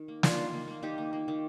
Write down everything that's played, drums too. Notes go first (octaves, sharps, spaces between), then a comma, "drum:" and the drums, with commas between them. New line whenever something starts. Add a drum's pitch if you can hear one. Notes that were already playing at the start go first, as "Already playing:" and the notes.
Already playing: D#3
A#3
A#3 D4 F4, drum: snare
D#3
A#3
A#3
D#3 D#4 G4
A#3
A#3
D#3